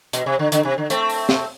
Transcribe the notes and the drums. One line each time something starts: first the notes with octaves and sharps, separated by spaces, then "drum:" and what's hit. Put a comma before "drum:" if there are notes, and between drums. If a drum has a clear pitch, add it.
B2, drum: hi-hat
C3
D3
D3, drum: hi-hat
C3
D3
A3 C4, drum: hi-hat
drum: open hi-hat
drum: snare